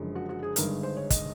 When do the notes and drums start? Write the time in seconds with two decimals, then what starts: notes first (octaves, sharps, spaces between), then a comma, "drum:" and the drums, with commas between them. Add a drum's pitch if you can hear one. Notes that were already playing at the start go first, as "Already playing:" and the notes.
Already playing: F#1 F#2 D3 F3 G#3
0.15 F#4
0.29 F#4
0.43 G#4
0.56 G1 G2 D#3 G#3 A#4, drum: hi-hat
0.83 C5
0.97 C#5
1.10 D#5, drum: kick, hi-hat